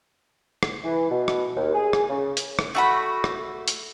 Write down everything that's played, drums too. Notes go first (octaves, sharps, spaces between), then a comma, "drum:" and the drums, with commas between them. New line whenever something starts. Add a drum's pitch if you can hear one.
drum: rim click
E3
B2
drum: rim click
D#2
G#4
drum: rim click
C#3
drum: hi-hat
drum: rim click
A3 F#4 B5
drum: rim click
drum: hi-hat